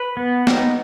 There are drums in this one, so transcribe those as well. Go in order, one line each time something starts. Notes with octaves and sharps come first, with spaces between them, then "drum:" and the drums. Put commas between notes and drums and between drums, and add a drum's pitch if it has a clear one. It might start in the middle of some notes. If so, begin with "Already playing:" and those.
Already playing: B4
B3
D#4, drum: snare